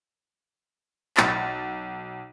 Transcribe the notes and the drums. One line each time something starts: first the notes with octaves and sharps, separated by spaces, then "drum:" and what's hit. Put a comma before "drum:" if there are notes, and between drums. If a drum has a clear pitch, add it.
B1 A6, drum: clap